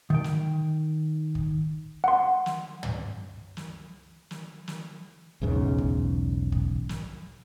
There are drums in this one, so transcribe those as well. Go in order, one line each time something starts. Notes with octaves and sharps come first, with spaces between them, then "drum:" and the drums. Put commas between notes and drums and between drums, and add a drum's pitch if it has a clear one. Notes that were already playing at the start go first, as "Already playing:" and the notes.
D#3 G5
drum: snare
drum: kick
F#5 C6
drum: snare
drum: tom
drum: snare
drum: snare
drum: snare
B1 E2 G#2 C#3
drum: kick
drum: kick
drum: snare